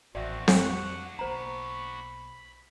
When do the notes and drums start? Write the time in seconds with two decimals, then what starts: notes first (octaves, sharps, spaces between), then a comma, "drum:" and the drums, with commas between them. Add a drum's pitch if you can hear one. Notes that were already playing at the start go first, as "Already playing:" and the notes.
0.15 A1 F2 D#3 B3 C4 F#4 D5 E5
0.48 drum: snare C4
0.57 F2 D4 F#4 F#5
1.19 B1 A#3 C5 A#5 B5